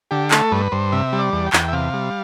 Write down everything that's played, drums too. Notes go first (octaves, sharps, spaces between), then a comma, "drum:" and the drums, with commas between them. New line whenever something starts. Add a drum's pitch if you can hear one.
D3 G4
A3 A4, drum: clap
G2 B4
G2 C5
C3 E5
G3
D5
E2
G5
E2, drum: clap
E5
C3 F5
G3